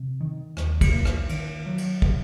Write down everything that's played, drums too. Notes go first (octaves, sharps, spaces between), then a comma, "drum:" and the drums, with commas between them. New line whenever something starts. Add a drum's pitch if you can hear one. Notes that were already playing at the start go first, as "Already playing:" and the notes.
Already playing: C3
D#3
D#2, drum: rim click
drum: kick, cymbal
A#3
drum: rim click
D#3, drum: cymbal
F#3
drum: cymbal
drum: kick